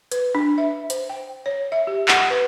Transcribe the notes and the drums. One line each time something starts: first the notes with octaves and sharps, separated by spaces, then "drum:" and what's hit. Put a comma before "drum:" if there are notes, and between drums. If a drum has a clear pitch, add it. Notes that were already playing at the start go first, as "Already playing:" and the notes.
B4, drum: hi-hat
D4
E5
C5, drum: hi-hat
G5
C#5
E5
G4
F#5, drum: clap
B4